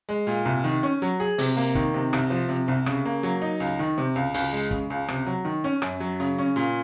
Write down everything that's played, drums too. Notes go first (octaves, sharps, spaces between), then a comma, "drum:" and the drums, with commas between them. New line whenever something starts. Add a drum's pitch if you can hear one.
G#3
A#2, drum: hi-hat
C2
D#3, drum: hi-hat
C#4
F#3, drum: hi-hat
G#4
C3, drum: open hi-hat
A#3
D#3, drum: kick, hi-hat
C3
C2, drum: rim click
F3
C3, drum: hi-hat
C2
C#3, drum: rim click
A#3
F#3, drum: hi-hat
D#4
C#2, drum: hi-hat
D#3
C3
C#2
C#2, drum: open hi-hat
G#3
C#3, drum: kick, hi-hat
C#2
C3, drum: rim click
F#3
D#3
C#4
F#2, drum: rim click
F#3
C#3, drum: hi-hat
C#4
A#2, drum: hi-hat